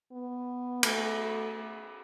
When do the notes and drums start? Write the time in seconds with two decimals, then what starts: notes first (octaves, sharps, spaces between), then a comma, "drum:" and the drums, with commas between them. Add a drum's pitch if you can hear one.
0.12 B3
0.83 A3, drum: cymbal